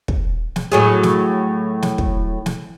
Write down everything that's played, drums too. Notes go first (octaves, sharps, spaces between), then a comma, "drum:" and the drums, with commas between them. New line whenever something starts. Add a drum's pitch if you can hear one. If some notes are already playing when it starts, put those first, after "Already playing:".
drum: kick
drum: snare
A2 F#3 G#4
drum: snare
drum: snare
drum: kick
drum: snare